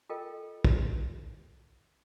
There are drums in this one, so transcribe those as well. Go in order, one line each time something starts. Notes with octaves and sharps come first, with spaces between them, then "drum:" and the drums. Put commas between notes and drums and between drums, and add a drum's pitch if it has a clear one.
F4 A4 A#4 D#5 G5
drum: kick